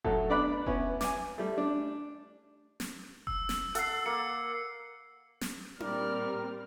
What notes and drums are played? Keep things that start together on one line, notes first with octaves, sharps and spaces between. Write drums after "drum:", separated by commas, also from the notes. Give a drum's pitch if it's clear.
A2 F#3 A3 A4, drum: kick F1
B3 D4 D5 B5 F#6
B3 C#4 E4, drum: kick F1
G#5 D6, drum: snare
G3 A3
D4
drum: snare
E6, drum: kick F1
drum: snare
A4 F#5 E6 C7, drum: hi-hat
A#3 C#7
drum: snare
A#2 G3 C4 A#4 D5 F6, drum: tom D4